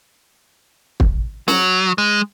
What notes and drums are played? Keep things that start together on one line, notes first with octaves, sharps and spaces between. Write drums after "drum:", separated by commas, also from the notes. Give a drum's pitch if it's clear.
drum: kick
F#3, drum: snare
G#3